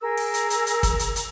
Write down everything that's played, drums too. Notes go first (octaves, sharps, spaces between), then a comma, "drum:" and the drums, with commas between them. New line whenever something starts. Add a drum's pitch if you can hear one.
G#4 A#4 E6
drum: open hi-hat
drum: hi-hat
drum: hi-hat
drum: hi-hat
drum: kick, hi-hat
drum: hi-hat
drum: hi-hat